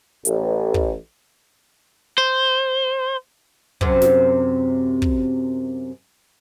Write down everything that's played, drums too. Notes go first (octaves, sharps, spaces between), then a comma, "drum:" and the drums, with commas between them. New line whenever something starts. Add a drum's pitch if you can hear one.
A1, drum: hi-hat
drum: kick
C5
F#2 C3, drum: kick
drum: snare
drum: kick